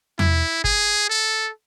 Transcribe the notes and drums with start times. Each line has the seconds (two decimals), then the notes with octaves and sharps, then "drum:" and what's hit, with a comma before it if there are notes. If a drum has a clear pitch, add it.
0.19 E4, drum: tom E2
0.64 G#4, drum: kick
1.10 A4